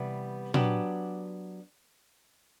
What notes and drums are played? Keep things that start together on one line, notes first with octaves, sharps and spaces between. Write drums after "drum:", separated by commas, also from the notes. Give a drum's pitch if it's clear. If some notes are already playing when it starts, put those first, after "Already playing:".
Already playing: C3 E3 G3 B3
F#3 B3 D4 G4, drum: tom A#2